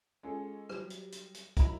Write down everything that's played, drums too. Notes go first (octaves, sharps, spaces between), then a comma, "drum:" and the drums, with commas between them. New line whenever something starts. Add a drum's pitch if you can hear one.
G#3 C#4 F4 A4
F#3 G3, drum: rim click
drum: hi-hat
drum: hi-hat
drum: hi-hat
F#3 D#4 E4 A#4 A#5 B5, drum: kick, hi-hat